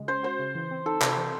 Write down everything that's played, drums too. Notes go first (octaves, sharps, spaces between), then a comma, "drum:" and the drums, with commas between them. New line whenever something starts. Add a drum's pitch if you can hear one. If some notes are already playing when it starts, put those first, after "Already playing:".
Already playing: C#3 G#3 F#4
C#4 C5
F#4 C5
C#3
E3
C4
D#4 A4
C3, drum: clap
E3